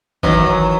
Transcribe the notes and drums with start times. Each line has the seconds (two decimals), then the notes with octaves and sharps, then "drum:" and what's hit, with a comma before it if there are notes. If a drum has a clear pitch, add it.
0.23 D#3 E3 F#3, drum: kick G1